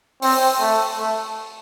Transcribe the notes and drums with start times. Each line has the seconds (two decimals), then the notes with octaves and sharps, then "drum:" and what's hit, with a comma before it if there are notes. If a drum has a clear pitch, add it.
0.22 C4, drum: open hi-hat
0.60 A3
0.99 A3